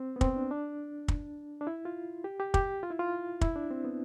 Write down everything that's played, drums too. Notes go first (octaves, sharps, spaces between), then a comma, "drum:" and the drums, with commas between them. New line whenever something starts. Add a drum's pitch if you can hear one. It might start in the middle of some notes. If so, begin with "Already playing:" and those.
Already playing: C4
B3
C4, drum: kick
D4
D4
drum: kick
D4
E4
F4
G4
G4
G4, drum: kick
F4
E4
F4
E4, drum: kick
D4
C4
B3